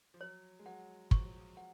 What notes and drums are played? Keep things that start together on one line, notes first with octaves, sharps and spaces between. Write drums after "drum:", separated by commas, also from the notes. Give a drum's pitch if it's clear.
F3
F#3 C#5
G#3
F#3 F#5
F3 C#6, drum: kick
F#3
F3
F#5